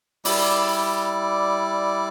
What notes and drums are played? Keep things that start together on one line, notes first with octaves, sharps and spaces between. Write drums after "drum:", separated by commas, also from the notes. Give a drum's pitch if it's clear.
G3 E4 D5 D6, drum: open hi-hat